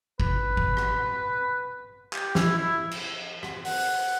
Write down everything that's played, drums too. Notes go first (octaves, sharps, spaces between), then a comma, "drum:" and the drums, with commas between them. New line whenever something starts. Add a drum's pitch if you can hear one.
B4, drum: kick G#1
drum: kick G#1
drum: rim click
G4, drum: clap
E4, drum: snare
E4
drum: cymbal
drum: rim click
F#5, drum: open hi-hat